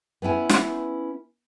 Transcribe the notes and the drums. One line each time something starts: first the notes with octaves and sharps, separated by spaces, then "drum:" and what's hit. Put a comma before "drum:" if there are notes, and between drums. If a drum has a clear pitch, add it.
B3 C#4 E4 G#5
drum: snare